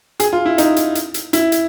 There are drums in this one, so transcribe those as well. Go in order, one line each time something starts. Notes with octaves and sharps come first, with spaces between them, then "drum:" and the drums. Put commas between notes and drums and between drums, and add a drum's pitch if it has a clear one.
G#4, drum: hi-hat
F4
E4
D#4, drum: hi-hat
drum: hi-hat
drum: hi-hat
drum: hi-hat
E4, drum: hi-hat
drum: hi-hat